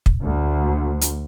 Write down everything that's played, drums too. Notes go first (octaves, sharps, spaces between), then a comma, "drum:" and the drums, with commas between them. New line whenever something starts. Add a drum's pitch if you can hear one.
drum: kick
D2
drum: hi-hat